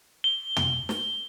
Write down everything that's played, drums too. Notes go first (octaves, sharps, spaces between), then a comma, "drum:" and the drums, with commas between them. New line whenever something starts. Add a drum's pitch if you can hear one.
G7
drum: tom
drum: snare